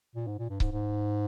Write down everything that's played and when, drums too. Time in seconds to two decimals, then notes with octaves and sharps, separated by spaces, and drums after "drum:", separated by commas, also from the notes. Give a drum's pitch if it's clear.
0.15 A#2
0.27 G#2
0.39 A#2
0.50 G2
0.60 G#2, drum: kick C#1
0.72 G#2